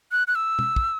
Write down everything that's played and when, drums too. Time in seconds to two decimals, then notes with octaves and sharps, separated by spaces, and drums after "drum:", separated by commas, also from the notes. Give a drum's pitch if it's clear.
0.12 F#6
0.27 F#6
0.35 E6
0.59 drum: tom
0.76 drum: kick